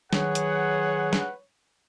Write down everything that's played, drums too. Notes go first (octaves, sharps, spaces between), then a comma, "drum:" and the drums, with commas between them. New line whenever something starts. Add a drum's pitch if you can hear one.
D#3 F#3 G#4 B4 C#5 F#5, drum: snare
drum: hi-hat
drum: snare